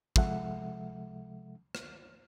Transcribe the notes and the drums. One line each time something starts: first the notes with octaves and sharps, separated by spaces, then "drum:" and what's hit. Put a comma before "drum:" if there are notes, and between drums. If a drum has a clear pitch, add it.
C3 F3 G#3 A4 E5 F#5, drum: kick
drum: rim click